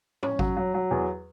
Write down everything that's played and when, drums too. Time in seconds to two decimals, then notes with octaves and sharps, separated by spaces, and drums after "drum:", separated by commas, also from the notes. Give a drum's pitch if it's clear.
0.23 C#4, drum: tom
0.39 F#3, drum: kick G#1
0.57 F#3
0.74 F#3
0.91 E2